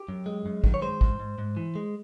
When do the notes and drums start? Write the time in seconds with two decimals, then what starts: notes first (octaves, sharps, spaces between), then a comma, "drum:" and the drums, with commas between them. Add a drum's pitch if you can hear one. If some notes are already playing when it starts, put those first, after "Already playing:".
Already playing: G4
0.09 F#2
0.26 G#3
0.46 F#2
0.64 D#3, drum: kick
0.74 C#5
0.82 G#3 C5
1.01 G#2, drum: kick
1.19 G#2
1.38 G#2
1.57 E3
1.75 G#3